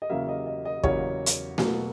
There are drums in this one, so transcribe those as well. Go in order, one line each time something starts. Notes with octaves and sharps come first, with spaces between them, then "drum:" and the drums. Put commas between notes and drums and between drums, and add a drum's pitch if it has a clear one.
D#5
E2 C#3 F#3 A#3 E5
D#5
D#5
D#5
E2 C#3 F#3 A#3 C#5, drum: kick
drum: hi-hat
B2 F#3 A#3, drum: snare A3